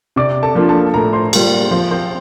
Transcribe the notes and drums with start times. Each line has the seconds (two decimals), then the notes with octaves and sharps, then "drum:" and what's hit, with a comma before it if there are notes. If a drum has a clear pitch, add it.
0.16 C3 D5 D6
0.43 A4 A5
0.55 F3 A#3 D4 F4
0.69 A4 A5
0.94 A2 A#4 A#5
1.13 C5 C6
1.33 G3 A#3 F4, drum: cymbal
1.71 F3 C4 C5
1.91 C4 C5